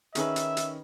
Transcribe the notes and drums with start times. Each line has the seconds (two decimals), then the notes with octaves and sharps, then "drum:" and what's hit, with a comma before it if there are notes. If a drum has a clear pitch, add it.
0.15 D#3 C#4 D#4 G#4 B4 D#5 E5, drum: hi-hat
0.36 drum: hi-hat
0.57 drum: hi-hat